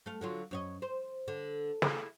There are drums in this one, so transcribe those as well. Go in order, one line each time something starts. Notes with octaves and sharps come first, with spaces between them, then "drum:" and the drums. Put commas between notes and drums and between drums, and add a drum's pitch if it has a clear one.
A3 F5
D3 F#3 F4
F#2 C#5 D#5
C5
D3
E4 G#4, drum: snare